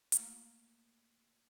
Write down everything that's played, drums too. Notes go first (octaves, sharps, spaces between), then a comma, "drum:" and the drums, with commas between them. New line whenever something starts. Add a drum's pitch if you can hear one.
A3 A#3 F4 F5 A#5, drum: hi-hat